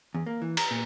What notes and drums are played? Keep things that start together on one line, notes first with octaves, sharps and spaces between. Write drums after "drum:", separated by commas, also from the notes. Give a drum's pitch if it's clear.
E2
A#3
E3
A#5, drum: cymbal
A#2